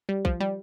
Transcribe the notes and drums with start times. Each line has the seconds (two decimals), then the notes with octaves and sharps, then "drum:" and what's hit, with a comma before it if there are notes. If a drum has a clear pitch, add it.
0.09 G3
0.25 F3, drum: kick
0.40 G3